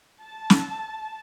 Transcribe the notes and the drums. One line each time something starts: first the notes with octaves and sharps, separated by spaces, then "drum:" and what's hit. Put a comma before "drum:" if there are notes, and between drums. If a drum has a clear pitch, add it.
A5
drum: snare